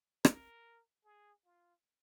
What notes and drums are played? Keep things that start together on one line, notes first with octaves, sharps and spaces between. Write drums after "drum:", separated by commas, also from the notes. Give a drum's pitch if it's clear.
A#4, drum: rim click
G#4
F4